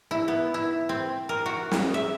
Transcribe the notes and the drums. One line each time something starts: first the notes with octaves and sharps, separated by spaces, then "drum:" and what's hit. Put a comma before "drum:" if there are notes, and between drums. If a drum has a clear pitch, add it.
E4
B3
E4
C4
A#4
F#4
drum: snare
E5